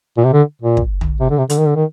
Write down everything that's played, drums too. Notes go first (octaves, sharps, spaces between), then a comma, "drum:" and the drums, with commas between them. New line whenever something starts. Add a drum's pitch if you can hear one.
A#2
C3
D3
A#2
drum: kick
drum: tom
C3
D3
C3
D3, drum: hi-hat
D#3
D3
D#3